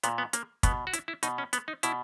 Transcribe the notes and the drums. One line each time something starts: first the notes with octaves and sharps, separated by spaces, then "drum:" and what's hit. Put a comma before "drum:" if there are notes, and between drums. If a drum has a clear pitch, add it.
A#2 B3, drum: hi-hat
B3
A#3, drum: hi-hat
B2 B3, drum: kick, hi-hat
F#4
E4, drum: hi-hat
E4
B2 D#4, drum: hi-hat
C#4
B3, drum: hi-hat
D#4
B2 E4, drum: hi-hat